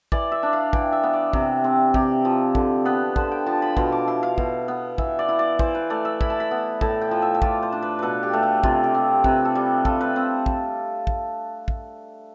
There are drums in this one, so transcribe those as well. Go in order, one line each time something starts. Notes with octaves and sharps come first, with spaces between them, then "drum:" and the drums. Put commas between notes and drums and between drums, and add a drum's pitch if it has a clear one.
E3 D5, drum: kick
E5
D4
F5
E3 G5, drum: kick
E5
B3
D5
C3, drum: kick
C4
C3 G4, drum: kick
F3
D3, drum: kick
B3 B4
D3 C5, drum: kick
G5
F3 A5
B5
B2 C6, drum: kick
D6
E4 C6
F5
B2, drum: kick
B3
E3 E5, drum: kick
D5
E4
D5
E3 C5, drum: kick
B4
A3 D5
E5
E4 B5, drum: kick
A5
B5
B3
A2 A5, drum: kick
G5
F3
E5
E5
F4 D5, drum: kick
C5
D4
B4
B2 A4 B4
G4
A3
A4
C3 F4, drum: kick
G4
C4
C3 B4, drum: kick
A4
G3
F4 A4, drum: kick
B4
C4 C5
drum: kick
drum: kick
drum: kick